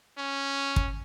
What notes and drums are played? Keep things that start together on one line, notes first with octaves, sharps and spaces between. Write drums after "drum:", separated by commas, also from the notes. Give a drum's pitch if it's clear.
C#4
drum: kick